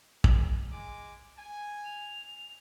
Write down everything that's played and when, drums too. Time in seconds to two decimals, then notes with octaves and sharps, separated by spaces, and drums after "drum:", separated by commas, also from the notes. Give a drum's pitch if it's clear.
0.24 G#4 A#4, drum: kick
0.71 G#3 G#5 D6
1.38 G#5
1.85 F7